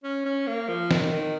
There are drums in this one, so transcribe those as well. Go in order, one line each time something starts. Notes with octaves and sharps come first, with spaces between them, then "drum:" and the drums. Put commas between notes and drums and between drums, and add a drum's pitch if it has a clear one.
C#4
C#4
A#3
F3
D#3, drum: snare
D#3